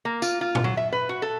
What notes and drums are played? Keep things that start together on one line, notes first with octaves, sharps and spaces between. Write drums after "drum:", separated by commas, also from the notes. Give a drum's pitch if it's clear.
A#3
F4, drum: tambourine
F4
drum: tom A#2
F#3
E5
B4
F#4
A4